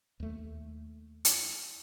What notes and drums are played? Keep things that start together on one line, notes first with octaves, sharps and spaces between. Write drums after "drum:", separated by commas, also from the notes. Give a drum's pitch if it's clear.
D#2 A3
drum: hi-hat